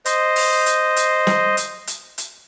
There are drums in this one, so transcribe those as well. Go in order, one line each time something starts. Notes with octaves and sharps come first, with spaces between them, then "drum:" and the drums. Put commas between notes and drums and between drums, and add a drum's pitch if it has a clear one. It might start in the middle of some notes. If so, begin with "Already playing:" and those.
C5 D#5, drum: hi-hat
drum: open hi-hat
drum: hi-hat
drum: hi-hat
drum: snare
drum: hi-hat
drum: hi-hat
drum: hi-hat